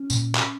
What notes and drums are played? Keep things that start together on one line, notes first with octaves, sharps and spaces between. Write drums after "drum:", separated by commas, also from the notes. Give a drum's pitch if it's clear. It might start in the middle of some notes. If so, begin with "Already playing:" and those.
Already playing: C#4
A#2, drum: tambourine
drum: clap